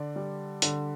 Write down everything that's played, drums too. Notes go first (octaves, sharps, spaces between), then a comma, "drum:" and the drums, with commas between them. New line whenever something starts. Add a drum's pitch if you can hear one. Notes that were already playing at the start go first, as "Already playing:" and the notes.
Already playing: D3 D5
G3
D3, drum: hi-hat